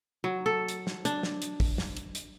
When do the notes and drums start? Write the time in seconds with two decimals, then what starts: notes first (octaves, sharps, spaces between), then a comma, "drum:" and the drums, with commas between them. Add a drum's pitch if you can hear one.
0.24 F#3
0.46 A4
0.68 drum: hi-hat
0.87 drum: snare
1.05 D4, drum: hi-hat
1.23 drum: snare
1.42 drum: hi-hat
1.60 drum: kick, open hi-hat
1.78 drum: snare
1.97 drum: hi-hat
2.15 drum: hi-hat